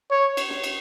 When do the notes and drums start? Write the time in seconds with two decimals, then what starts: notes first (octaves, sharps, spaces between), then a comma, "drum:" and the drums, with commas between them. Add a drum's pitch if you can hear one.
0.11 C#5
0.37 drum: cymbal
0.50 drum: snare
0.64 drum: cymbal